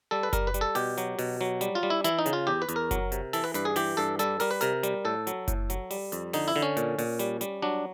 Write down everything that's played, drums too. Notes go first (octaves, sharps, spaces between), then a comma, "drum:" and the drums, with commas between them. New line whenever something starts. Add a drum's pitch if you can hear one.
G3 A4
B4
G3 A#4, drum: kick F#1, hi-hat
B4
G3, drum: hi-hat
A4
B2 G4, drum: open hi-hat
F#3, drum: hi-hat
B2, drum: open hi-hat
F#3
G3, drum: hi-hat
F4
G3
E4
E3 E4, drum: hi-hat
D#4
C#3, drum: hi-hat
F4
E2 G4
B4
E2, drum: hi-hat
A#4
F#3, drum: kick F#1, hi-hat
C3, drum: hi-hat
E3 A4, drum: open hi-hat
B4
G2 B4, drum: hi-hat
G#4
E3 G4, drum: open hi-hat
G2 A4
G3 A4, drum: hi-hat
G3 A#4, drum: open hi-hat
B4
C3 A#4, drum: hi-hat
G3, drum: hi-hat
A2 A4
F#3, drum: hi-hat
A2, drum: kick F#1, hi-hat
F#3, drum: hi-hat
G3, drum: open hi-hat
F2, drum: hi-hat
D3 D#4, drum: open hi-hat
E4
D3
C#4
A#2, drum: hi-hat
A#2, drum: open hi-hat
G3, drum: hi-hat
G3, drum: hi-hat
F#3 D4